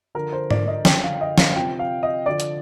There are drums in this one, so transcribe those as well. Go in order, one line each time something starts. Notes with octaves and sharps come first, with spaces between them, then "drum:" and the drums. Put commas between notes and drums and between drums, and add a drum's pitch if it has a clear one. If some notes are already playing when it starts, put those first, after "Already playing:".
D3 F3 A#4
C5
D5, drum: tom G#2
D#5
D3 F3 G5, drum: snare
F5
D#5
F5, drum: snare
C3 F3 G5
F5
D#5
D3 F3 D5
drum: hi-hat